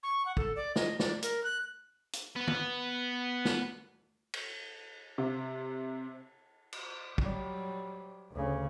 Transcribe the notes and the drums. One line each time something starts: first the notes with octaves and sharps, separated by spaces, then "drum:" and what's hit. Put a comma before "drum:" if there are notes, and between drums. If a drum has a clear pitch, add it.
C#6
F#5
A4, drum: kick
D5
D#5, drum: snare
D5, drum: snare
A#4, drum: hi-hat
F#6
drum: hi-hat
B3 B4
drum: tom D#3
drum: snare
drum: cymbal
C3
drum: cymbal
F#3 G3, drum: kick
D2 C#3